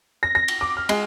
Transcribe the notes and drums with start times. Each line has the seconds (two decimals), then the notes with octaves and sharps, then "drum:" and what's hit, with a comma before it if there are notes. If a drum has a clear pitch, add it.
0.23 A#6
0.35 A#6
0.48 drum: cymbal
0.61 D6
0.77 F6
0.89 G#3, drum: cymbal